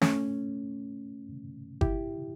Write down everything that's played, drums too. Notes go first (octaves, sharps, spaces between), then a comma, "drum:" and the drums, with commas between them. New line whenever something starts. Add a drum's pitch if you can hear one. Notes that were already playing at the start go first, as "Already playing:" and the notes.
A3 C#4, drum: snare
E4 G4, drum: kick G1